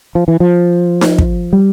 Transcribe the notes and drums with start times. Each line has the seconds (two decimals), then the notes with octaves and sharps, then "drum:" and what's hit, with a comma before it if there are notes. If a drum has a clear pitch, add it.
0.15 F3
0.28 E3
0.40 F3
1.01 drum: snare D#4
1.18 drum: kick
1.53 G3